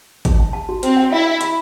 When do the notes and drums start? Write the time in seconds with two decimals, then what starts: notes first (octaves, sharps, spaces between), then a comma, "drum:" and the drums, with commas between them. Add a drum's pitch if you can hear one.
0.25 A5, drum: kick, hi-hat
0.40 A5
0.53 A5
0.69 F#4
0.83 C4 B4, drum: hi-hat
0.97 G5
1.12 E4 E5
1.26 E5
1.41 B5, drum: hi-hat